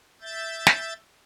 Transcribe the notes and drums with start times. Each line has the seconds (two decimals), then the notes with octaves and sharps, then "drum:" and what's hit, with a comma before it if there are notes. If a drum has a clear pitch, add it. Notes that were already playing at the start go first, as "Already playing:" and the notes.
0.21 E5 G6 A6
0.67 drum: snare